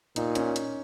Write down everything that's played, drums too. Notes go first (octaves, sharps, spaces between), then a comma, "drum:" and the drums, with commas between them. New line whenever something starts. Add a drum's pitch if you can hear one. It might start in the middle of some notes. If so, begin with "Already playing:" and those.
A#2 D#4, drum: hi-hat
C#4, drum: hi-hat
drum: hi-hat